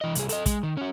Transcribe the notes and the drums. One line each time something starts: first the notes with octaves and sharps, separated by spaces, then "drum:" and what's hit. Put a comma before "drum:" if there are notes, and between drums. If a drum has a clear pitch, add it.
E3 D#5
C2 G#4, drum: hi-hat
A4 D#5, drum: hi-hat
G#3, drum: kick, hi-hat
D#3
C#4 F#4